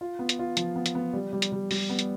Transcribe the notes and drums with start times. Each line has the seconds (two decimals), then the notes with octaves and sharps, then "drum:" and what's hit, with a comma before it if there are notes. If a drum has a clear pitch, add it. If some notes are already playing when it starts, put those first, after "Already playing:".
0.01 F4
0.19 B3
0.29 drum: hi-hat
0.39 F4
0.57 F3, drum: hi-hat
0.76 B3
0.86 drum: hi-hat
0.95 B3
1.13 G3
1.33 G3
1.42 drum: hi-hat
1.52 G3
1.71 G3, drum: open hi-hat
1.90 B3
1.99 drum: hi-hat